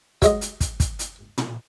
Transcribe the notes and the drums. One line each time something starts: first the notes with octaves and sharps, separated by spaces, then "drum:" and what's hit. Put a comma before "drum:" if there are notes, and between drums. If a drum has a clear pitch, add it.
F#3 G#3 D#5, drum: kick, hi-hat
drum: hi-hat
drum: kick, hi-hat
drum: kick, hi-hat
drum: hi-hat
drum: tom